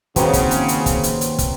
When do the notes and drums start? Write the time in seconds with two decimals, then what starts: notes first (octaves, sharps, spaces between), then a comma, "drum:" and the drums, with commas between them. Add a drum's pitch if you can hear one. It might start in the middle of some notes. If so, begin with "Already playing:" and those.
0.16 D#2 C#3 F#3 C4 C#4 B4, drum: hi-hat
0.33 drum: kick, hi-hat
0.51 drum: hi-hat
0.68 drum: hi-hat
0.86 drum: kick, hi-hat
1.03 drum: hi-hat
1.21 drum: hi-hat
1.39 drum: kick, hi-hat